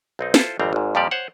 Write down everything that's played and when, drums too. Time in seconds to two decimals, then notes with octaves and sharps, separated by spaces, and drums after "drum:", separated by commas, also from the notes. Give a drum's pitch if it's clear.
0.19 B1 C4 D#4
0.34 E4 F4 A4 C5, drum: snare
0.59 G#1 F2 G3 C4 A#5
0.73 G#1 G#2
0.95 F2 A#2 F3 G3 G4 D5
1.11 C5 C#5 F#5